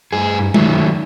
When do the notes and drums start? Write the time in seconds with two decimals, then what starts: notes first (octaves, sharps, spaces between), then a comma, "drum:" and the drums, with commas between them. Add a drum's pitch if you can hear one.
0.12 G2 G#4
0.54 D#3 F#3 A3, drum: tom G#3